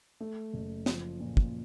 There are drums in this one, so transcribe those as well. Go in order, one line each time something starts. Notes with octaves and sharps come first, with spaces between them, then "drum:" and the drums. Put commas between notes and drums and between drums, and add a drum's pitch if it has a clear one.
A3
F#1
F3, drum: snare
A#2
drum: kick